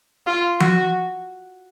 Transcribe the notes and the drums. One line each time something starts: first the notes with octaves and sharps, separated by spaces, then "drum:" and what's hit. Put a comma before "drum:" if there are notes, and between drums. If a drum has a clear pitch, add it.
F4
F#4, drum: tom F3